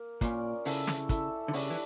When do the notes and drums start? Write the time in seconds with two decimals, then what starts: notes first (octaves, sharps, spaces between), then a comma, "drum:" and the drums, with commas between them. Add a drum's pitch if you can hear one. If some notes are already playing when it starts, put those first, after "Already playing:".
Already playing: A#3
0.21 A#2 C#4 F4 A#4 D5, drum: kick, hi-hat
0.65 C#3 E4 A4 E5, drum: open hi-hat
0.87 drum: snare
1.09 E4 A4 E5, drum: kick, hi-hat
1.48 D3
1.53 C#3 G3 D4 G4 C#5, drum: open hi-hat
1.70 E3